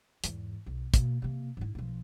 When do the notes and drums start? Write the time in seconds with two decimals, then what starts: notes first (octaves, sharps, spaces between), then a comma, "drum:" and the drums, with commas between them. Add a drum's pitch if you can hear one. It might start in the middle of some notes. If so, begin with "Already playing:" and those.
0.24 E2 G#2, drum: hi-hat
0.66 B1
0.94 B2 A#3, drum: kick, hi-hat
1.22 C3 A#3
1.57 G#2 E4
1.75 B1 F3